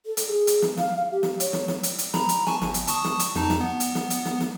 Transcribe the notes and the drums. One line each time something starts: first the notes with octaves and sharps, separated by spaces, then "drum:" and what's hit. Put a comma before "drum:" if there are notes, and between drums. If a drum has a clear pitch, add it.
A4
drum: hi-hat
G#4
drum: hi-hat
drum: snare
F5, drum: snare
F5
G4
drum: snare
C#5, drum: hi-hat
drum: snare
drum: snare
drum: hi-hat
drum: hi-hat
A#5 B5, drum: snare
drum: hi-hat
G#5 A5 C#6, drum: snare
G1, drum: snare
drum: hi-hat
A5 C#6 D#6, drum: hi-hat
drum: snare
drum: hi-hat
F2 D#4 A5, drum: snare
drum: snare
B3
drum: hi-hat
drum: snare
drum: hi-hat
drum: snare
drum: snare